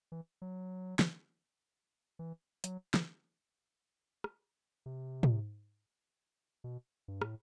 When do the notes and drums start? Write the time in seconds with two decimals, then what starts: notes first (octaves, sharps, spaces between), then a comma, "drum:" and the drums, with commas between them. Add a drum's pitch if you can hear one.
0.12 E3
0.42 F#3
0.99 drum: snare
2.19 E3
2.64 F#3, drum: hi-hat
2.94 drum: snare
4.24 drum: rim click
4.86 C3
5.23 drum: tom
6.64 B2
7.08 G2
7.22 A2, drum: rim click